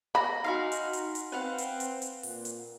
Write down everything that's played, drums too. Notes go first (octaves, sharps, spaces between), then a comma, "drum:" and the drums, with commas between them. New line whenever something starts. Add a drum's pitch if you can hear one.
F5 A#5 B5 A#6
D#4 F#4 F5 G#5 C6 B6
drum: hi-hat
drum: hi-hat
drum: hi-hat
C4 B4 F5 F#5
drum: hi-hat
drum: hi-hat
drum: hi-hat
A#2, drum: open hi-hat
drum: hi-hat